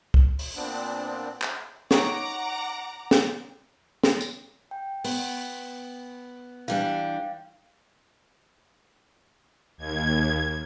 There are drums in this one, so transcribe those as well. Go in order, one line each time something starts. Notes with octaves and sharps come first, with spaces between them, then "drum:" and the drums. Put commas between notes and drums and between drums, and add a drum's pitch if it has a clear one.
drum: kick
drum: open hi-hat
A#2 B3 C4 D4
drum: clap
D#4 F#4 C#5 F#5 A#5 D6, drum: snare
drum: snare
drum: snare
drum: tambourine
G5
B3, drum: open hi-hat
E3 G3 D4 F5 G5
D#2 G#6